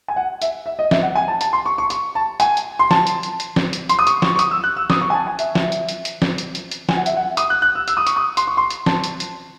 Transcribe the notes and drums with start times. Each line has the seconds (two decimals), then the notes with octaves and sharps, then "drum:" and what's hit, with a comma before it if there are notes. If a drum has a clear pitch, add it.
0.08 G#5
0.16 F#5
0.42 E5, drum: hi-hat
0.66 E5
0.79 D#5
0.91 E5, drum: snare
1.03 F#5
1.15 G#5
1.28 A5
1.41 A5, drum: hi-hat
1.53 C6
1.66 C#6
1.78 C#6
1.90 C#6, drum: hi-hat
2.15 A5
2.40 G#5, drum: hi-hat
2.57 drum: hi-hat
2.79 C6
2.91 A5, drum: snare
3.07 drum: hi-hat
3.23 drum: hi-hat
3.40 drum: hi-hat
3.56 drum: snare
3.73 drum: hi-hat
3.89 C6, drum: hi-hat
3.99 D#6
4.07 C#6, drum: hi-hat
4.22 C#6, drum: snare
4.36 C#6
4.39 D#6, drum: hi-hat
4.51 E6
4.64 F#6
4.77 E6
4.90 D#6, drum: snare
5.01 C#6
5.10 G#5
5.14 A5
5.27 G#5
5.39 E5, drum: hi-hat
5.55 drum: snare
5.72 drum: hi-hat
5.89 drum: hi-hat
6.05 drum: hi-hat
6.22 drum: snare
6.38 drum: hi-hat
6.55 drum: hi-hat
6.71 drum: hi-hat
6.89 G#5, drum: snare
6.97 F#5
7.06 E5, drum: hi-hat
7.16 F#5
7.37 D#6, drum: hi-hat
7.50 F#6
7.62 F#6
7.75 E6
7.88 E6, drum: hi-hat
7.97 D#6
8.07 C#6, drum: hi-hat
8.16 D#6
8.37 C6, drum: hi-hat
8.47 C#6
8.57 C6
8.70 drum: hi-hat
8.86 A5, drum: snare
9.04 drum: hi-hat
9.20 drum: hi-hat